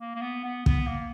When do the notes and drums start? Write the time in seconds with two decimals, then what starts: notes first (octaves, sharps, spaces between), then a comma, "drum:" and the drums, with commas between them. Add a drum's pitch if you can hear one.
0.01 A#3
0.15 A#3
0.21 B3
0.44 B3
0.66 B3, drum: kick
0.87 A#3